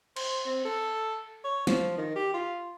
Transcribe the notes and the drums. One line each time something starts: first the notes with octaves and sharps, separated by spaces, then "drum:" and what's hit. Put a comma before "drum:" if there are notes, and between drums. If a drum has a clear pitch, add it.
C5, drum: cymbal
C4
A4
C#5
F3, drum: snare
D#3
G4
F4